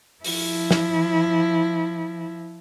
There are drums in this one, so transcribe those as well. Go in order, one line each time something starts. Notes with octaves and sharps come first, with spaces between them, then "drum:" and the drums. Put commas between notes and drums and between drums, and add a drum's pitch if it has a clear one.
F3 E4, drum: open hi-hat
drum: snare